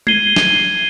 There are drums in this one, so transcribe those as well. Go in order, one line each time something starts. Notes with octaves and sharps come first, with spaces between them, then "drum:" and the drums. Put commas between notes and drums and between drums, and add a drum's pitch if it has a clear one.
G#6 C7 D#7 G7, drum: tom G#3
drum: snare